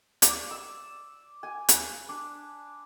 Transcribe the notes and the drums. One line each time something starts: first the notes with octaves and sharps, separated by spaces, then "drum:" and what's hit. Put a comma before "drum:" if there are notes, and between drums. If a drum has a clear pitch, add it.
D5, drum: hi-hat
E6
G#5
B4, drum: hi-hat
D4